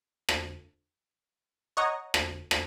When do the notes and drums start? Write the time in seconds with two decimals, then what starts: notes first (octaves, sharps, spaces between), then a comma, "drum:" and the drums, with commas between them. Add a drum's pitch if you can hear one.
0.29 drum: rim click
1.77 C#5 D#5 F#5 A#5 D#6
2.14 drum: rim click
2.51 drum: rim click